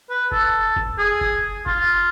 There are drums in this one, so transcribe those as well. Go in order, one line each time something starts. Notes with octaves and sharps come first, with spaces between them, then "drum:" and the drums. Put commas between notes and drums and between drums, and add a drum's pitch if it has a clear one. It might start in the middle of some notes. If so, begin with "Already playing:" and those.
B4
A4, drum: kick
drum: kick
G#4
drum: kick
F4, drum: kick